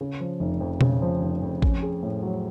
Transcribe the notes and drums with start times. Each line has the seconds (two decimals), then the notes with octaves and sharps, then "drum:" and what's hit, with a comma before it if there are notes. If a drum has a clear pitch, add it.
0.01 C#3
0.20 F3
0.40 F1
0.60 F2
0.81 C#3, drum: tom B2
1.02 F3
1.21 F1
1.42 F2
1.62 C#4, drum: kick
1.82 G#4
2.03 A2
2.22 F#3